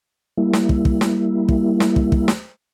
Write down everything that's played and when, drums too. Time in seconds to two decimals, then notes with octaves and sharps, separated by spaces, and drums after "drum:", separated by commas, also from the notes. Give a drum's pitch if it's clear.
0.37 G3 A#3 E4
0.53 drum: snare
0.69 drum: kick
0.85 drum: kick
1.01 drum: snare
1.49 drum: kick
1.80 drum: snare
1.96 drum: kick
2.12 drum: kick
2.28 drum: snare